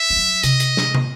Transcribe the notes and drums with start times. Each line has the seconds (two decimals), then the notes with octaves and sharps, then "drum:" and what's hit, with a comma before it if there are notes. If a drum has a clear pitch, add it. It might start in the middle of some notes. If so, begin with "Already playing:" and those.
Already playing: E5
0.10 F3
0.16 F#3
0.43 C3 D#5, drum: hi-hat
0.60 drum: hi-hat
0.77 drum: snare
0.94 drum: tom